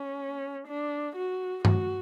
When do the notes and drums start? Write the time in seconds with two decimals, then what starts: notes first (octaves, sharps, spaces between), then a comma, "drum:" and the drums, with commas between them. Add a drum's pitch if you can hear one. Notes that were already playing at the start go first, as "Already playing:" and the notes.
Already playing: C#4
0.67 D4
1.16 F#4
1.65 F#4, drum: tom G2